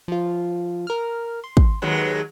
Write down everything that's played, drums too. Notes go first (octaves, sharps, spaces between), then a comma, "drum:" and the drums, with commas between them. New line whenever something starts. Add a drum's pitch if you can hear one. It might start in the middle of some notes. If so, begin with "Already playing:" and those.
F3 F4
A#4 F6
C6
drum: kick
D#2 F#3 G#3 B4